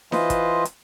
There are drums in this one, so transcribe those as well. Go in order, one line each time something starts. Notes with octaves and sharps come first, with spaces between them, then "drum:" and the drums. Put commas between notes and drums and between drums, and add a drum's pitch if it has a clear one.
E3 F4 B4 C5 D#5, drum: snare D#4
drum: kick, hi-hat
drum: hi-hat